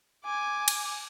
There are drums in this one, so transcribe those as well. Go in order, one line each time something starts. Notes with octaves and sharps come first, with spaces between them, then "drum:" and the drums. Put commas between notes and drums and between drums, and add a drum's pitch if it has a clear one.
G#5 D6
drum: cymbal